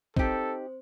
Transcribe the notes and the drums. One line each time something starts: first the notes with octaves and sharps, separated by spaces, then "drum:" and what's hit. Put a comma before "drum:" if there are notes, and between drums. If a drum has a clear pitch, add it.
C4 D#4 G4 A4 C5, drum: kick